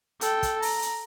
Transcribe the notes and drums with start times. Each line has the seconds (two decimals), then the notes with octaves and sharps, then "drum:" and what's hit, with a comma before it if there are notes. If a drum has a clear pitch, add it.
0.21 A4 G5, drum: hi-hat
0.43 drum: kick, hi-hat
0.62 A#5, drum: open hi-hat
0.82 drum: hi-hat